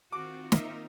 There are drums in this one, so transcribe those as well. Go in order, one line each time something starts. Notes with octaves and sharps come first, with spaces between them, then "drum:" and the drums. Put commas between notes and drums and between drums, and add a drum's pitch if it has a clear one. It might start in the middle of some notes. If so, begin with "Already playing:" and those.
D#3 C4 F4 F#4 D6
A#3 D#4 A#4 D#5 E5, drum: snare